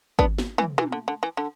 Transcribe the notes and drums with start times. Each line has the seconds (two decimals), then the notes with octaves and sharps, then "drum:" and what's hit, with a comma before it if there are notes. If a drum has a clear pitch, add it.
0.19 B3 D4, drum: kick G#1
0.38 drum: snare
0.58 E3, drum: tom
0.78 E3, drum: tom
0.92 D3
1.08 D3
1.23 E3
1.37 D3